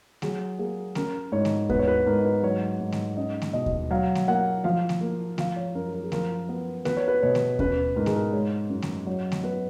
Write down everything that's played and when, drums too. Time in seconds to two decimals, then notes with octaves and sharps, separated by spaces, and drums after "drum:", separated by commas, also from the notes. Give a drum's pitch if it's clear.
0.22 F#3 G#4, drum: snare A3
0.58 A#3 G#4
0.95 C#4 A#4, drum: snare A3
1.32 G#2 C#5
1.45 drum: snare A3
1.69 B3 B4, drum: kick D#2
1.79 C#5
1.87 B4
2.06 G#2 A#4
2.25 B4
2.43 F#3 C#5
2.80 G#2
2.92 drum: snare A3
3.17 C#4 D#5
3.42 drum: snare A3
3.53 B2 D#5
3.66 drum: kick D#2
3.91 F#3 F5
4.15 drum: snare A3
4.28 A#3 F#5
4.64 F3 F5
4.89 drum: snare A3
5.01 A#3
5.38 F3 F5, drum: snare A3
5.56 C#5
5.75 F#2 A#4
5.93 A#4
6.03 G#4
6.12 F3 A#4, drum: snare A3
6.49 B3
6.85 B3 B4, drum: snare A3
6.97 C#5
7.08 B4
7.22 B2 C#5
7.35 drum: snare A3
7.59 C#4 B4, drum: kick D#2
7.96 G#2 A#4
8.06 G#4, drum: snare A3
8.16 A#4
8.33 G#3 C#5
8.70 F#2
8.82 drum: snare A3
9.06 F#3 C#5
9.32 drum: snare A3
9.43 B3 B4